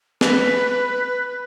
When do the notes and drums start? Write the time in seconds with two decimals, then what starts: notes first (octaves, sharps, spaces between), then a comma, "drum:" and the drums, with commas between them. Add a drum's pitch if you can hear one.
0.21 B4, drum: snare